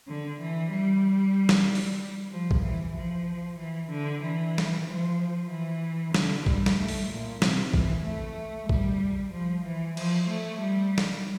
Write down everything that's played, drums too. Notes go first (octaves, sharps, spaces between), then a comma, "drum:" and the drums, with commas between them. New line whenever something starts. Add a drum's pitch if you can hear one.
D3
E3
G3
drum: snare
drum: open hi-hat
F3
drum: kick A#1
E3
F3
E3
D3
E3
drum: snare
F3
E3
D3, drum: snare
G3, drum: kick A#1
drum: snare
A3
drum: open hi-hat
A#2
C3, drum: snare
E3, drum: kick A#1
A3
G3, drum: kick A#1
F3
E3
F3, drum: cymbal
A3
G3
drum: snare